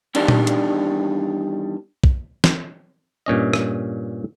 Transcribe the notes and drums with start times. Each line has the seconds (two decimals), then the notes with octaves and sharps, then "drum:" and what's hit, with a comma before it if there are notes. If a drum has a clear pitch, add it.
0.15 E2 G2 D#3 G3 D4, drum: cymbal
0.28 drum: tom A#2
0.47 drum: hi-hat
2.04 drum: kick
2.44 drum: snare
3.26 G2 A#2 C#4 D#5
3.53 drum: rim click